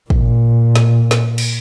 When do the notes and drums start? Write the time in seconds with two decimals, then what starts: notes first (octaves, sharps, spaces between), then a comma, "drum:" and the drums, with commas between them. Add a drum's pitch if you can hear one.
0.10 A#2, drum: kick
0.76 drum: snare
1.11 drum: snare
1.38 drum: cymbal